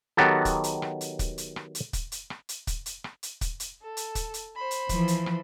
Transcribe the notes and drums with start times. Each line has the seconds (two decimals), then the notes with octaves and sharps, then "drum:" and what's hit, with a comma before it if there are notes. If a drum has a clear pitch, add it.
0.17 D#3 F#3 B3 G4 A4
0.45 drum: kick, hi-hat
0.64 drum: hi-hat
0.82 drum: rim click
1.01 drum: hi-hat
1.19 drum: kick, hi-hat
1.38 drum: hi-hat
1.56 drum: rim click
1.75 drum: hi-hat
1.93 drum: kick, hi-hat
2.12 drum: hi-hat
2.30 drum: rim click
2.49 drum: hi-hat
2.67 drum: kick, hi-hat
2.86 drum: hi-hat
3.04 drum: rim click
3.23 drum: hi-hat
3.41 drum: kick, hi-hat
3.60 drum: hi-hat
3.82 A4
3.97 drum: hi-hat
4.15 drum: kick, hi-hat
4.34 drum: hi-hat
4.56 C5 B5
4.71 drum: hi-hat
4.89 E3 F3, drum: kick, hi-hat
5.08 drum: hi-hat
5.26 drum: rim click